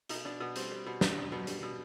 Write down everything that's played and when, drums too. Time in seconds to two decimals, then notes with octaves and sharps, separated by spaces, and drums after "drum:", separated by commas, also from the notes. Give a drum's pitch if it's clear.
0.09 B2 D#4, drum: hi-hat
0.25 B2 D4
0.40 B2 B3
0.56 G3 C4, drum: hi-hat
0.71 G3
0.86 B2
1.01 G3, drum: snare
1.17 B2
1.32 B2
1.47 G3, drum: hi-hat
1.63 B2